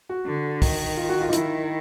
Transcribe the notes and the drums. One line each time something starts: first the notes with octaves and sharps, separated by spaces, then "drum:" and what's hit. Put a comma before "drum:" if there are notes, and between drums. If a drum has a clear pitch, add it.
F#4
D3
D#3, drum: kick, open hi-hat
F4
F#4
F4
D#4
D#3 E4, drum: hi-hat